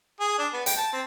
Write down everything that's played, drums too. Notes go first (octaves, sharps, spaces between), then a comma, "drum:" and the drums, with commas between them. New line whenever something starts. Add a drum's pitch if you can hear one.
G#4
D4
B3
G5, drum: hi-hat
A5
C4